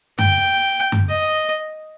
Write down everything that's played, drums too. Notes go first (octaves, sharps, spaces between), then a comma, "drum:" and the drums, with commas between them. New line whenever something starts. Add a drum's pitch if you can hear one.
G5, drum: tom F#2
drum: tom F#2
D#5